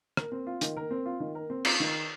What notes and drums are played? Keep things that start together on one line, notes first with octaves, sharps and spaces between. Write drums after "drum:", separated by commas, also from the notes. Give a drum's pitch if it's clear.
A#4, drum: rim click
C4
F4
D#3, drum: hi-hat
A#4
C4
F4
D#3
A#4
C4
F4, drum: cymbal
D#3